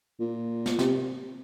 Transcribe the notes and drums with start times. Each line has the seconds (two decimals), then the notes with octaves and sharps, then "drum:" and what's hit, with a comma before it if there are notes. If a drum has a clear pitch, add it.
0.20 A#2
0.66 drum: snare
0.79 C3, drum: snare